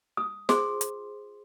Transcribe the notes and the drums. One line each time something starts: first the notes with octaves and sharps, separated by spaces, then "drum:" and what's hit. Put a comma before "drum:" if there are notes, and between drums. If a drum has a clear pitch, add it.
D#6
F4 G#4 C5 C6, drum: snare
drum: hi-hat